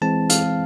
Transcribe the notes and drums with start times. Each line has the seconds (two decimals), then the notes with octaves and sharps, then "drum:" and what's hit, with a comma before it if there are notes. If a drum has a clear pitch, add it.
0.02 E3 G#3 C4 A5
0.30 F5, drum: hi-hat